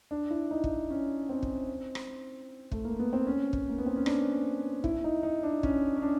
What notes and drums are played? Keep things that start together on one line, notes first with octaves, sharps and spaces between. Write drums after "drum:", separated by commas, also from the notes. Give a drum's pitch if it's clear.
D4
E4
D#4
drum: kick
C#4
C4
drum: kick
drum: rim click
A3, drum: kick
A#3
B3
C4
C#4
drum: kick
A#3
B3
C4
C#4
D4, drum: rim click
E4, drum: kick
D#4
D#4
D4
C#4, drum: kick
C#4
D4